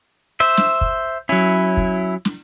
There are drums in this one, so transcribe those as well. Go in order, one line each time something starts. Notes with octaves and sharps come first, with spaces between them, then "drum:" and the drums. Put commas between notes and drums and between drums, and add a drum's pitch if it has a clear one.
C5 E5
drum: snare
drum: kick
F#3 C#4 E4
drum: kick
drum: snare